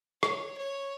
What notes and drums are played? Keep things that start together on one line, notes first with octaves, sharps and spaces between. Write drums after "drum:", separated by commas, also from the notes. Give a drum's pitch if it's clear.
C#5, drum: rim click
C#5